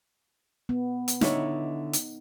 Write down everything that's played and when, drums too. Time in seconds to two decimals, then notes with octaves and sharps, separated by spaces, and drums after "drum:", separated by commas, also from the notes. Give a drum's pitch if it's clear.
0.69 B3
1.08 drum: hi-hat
1.21 D3 D#4 E4 C#5, drum: snare
1.93 drum: hi-hat